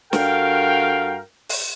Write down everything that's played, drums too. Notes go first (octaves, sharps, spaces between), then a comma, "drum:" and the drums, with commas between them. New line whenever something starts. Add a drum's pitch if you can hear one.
G2 F#4 A4 A#4 F5 G5, drum: snare
drum: open hi-hat